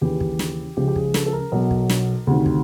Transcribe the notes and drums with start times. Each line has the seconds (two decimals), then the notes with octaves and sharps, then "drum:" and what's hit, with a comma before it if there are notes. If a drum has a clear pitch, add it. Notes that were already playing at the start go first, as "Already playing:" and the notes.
0.01 D#2 C#3 E3 G4
0.20 drum: kick
0.39 drum: snare
0.77 C#2 C#3 F3 G4
0.88 G4
0.96 G#4, drum: kick
1.14 A4, drum: snare
1.26 A4
1.33 A#4
1.52 B1 B2 F#3
1.71 drum: kick
1.89 drum: snare
2.27 D2 C3 D#3
2.46 drum: kick